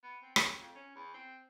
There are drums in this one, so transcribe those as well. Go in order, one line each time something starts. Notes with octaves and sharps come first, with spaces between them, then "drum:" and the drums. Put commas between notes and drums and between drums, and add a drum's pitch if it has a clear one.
B3
C4
C#3, drum: rim click
F2
C#4
E2
C4